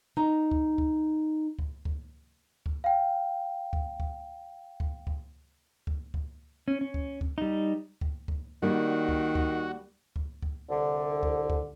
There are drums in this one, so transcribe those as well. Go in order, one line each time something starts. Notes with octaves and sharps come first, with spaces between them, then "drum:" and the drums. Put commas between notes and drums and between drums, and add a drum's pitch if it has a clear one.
D#4 A#5
drum: kick C#2
drum: kick C#2
drum: kick C#2
drum: kick C#2
drum: kick C#2
F5 G5
drum: kick C#2
drum: kick C#2
drum: kick C#2
drum: kick C#2
drum: kick C#2
drum: kick C#2
C#4
C#4
drum: kick C#2
drum: kick C#2
G3 D#4
drum: kick C#2
drum: kick C#2
D#3 G3 A#3 D4 F#4
drum: kick C#2
drum: kick C#2
drum: kick C#2
drum: kick C#2
C2 D3
drum: kick C#2
drum: kick C#2